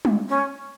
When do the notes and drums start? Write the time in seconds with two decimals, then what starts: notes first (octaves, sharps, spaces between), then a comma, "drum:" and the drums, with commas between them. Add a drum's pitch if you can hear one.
0.05 drum: tom G3
0.28 C#4